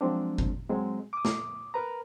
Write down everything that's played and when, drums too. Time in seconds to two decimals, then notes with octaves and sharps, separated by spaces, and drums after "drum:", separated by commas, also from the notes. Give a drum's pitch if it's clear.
0.01 F3 F#3 G#3 C4 D4
0.38 drum: kick G1
0.69 F#3 G#3 C4
1.13 D6 D#6
1.25 drum: snare
1.74 A#4 B4 A#5